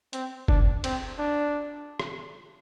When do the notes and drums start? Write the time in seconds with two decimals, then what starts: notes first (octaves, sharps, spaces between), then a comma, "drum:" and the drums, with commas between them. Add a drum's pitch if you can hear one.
0.13 C4, drum: hi-hat
0.48 D4, drum: kick
0.84 C4, drum: cymbal
1.19 D4
2.00 drum: rim click